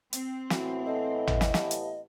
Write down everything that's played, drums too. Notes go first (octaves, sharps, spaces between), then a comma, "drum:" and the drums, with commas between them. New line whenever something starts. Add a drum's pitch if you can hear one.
C4, drum: hi-hat
A2 E3 B3 F#4, drum: snare
A4 D#5 A5
drum: tom
drum: snare
G4 F5 A5, drum: snare
drum: hi-hat